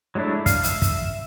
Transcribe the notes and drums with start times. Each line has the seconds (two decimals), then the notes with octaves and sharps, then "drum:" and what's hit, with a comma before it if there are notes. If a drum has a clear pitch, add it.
0.15 F#3 G#3 A3 D4 E4
0.46 F5, drum: kick, hi-hat
0.63 E5, drum: hi-hat
0.82 drum: kick, hi-hat